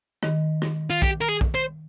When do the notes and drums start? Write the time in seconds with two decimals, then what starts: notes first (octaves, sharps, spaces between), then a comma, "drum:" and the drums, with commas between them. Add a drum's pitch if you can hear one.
0.23 D#3, drum: rim click
0.62 drum: rim click
0.90 F4
1.02 G4, drum: kick
1.21 A#4
1.28 G#4
1.41 drum: kick
1.55 C5